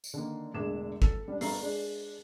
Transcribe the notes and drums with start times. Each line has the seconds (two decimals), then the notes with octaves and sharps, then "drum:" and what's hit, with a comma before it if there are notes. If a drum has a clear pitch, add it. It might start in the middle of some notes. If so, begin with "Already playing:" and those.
0.04 drum: tambourine
0.14 D3 D#3 A#3
0.54 E1 A2 D3 G#4 D6 E7
1.02 A4, drum: kick
1.28 G3 D4
1.41 G1 G2 A4 A#5 C7, drum: open hi-hat
1.61 G#3 D4